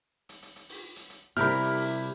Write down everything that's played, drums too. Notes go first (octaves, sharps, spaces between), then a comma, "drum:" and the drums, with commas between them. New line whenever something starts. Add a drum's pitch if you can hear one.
drum: hi-hat
drum: hi-hat
drum: hi-hat
drum: open hi-hat
drum: hi-hat
drum: hi-hat
C3 G3 E4 G4 A#4 B5 F6, drum: hi-hat
drum: hi-hat
drum: hi-hat
drum: open hi-hat